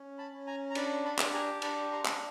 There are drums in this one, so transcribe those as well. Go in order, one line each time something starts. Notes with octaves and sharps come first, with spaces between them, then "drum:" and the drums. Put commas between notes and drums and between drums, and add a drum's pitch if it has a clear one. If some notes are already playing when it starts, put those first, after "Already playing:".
Already playing: C#4
A5 B5
C#4
G#5 A#5
A#5
D4 A5 B5, drum: cymbal
A5 B5
G4, drum: clap
G#5 A#5
D4 A5 B5, drum: cymbal
A#5 C6
D4, drum: clap